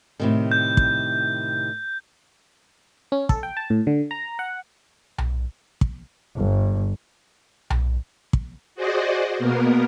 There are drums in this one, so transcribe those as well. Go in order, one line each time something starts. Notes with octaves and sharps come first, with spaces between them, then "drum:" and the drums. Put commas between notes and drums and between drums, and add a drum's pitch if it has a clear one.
A2 C3 D#3
G6
drum: kick
C#4
A4, drum: kick
G5
A5
A2
D3
A#5
F#5
drum: tom B1
drum: kick
G1
drum: tom B1
drum: kick
F#4 G#4 C5 D5 D#5
B2 A#3 B3 A#4